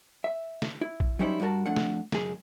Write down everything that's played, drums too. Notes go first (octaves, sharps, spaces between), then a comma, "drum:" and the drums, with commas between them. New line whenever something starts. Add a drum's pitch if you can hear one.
E5
drum: snare
E4
drum: kick A#1
F#3 G3 C#4 D#4 E4 C5
G2 G3 F#4 A#4 A5
F2 A3 D4 F#5
drum: snare
C#2 F#2 G#4, drum: snare